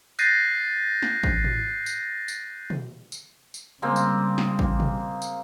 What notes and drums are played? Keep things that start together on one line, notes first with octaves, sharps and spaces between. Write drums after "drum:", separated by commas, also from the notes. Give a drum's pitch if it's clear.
F#6 G6 A6 A#6 C7 D#7, drum: tambourine
drum: snare
drum: kick A1
drum: tom
drum: tambourine
drum: tambourine
drum: tom
drum: tambourine
drum: tambourine
C#3 G3 G#3 A#3 C4
drum: tambourine
drum: snare
drum: kick A1
drum: tom
drum: tambourine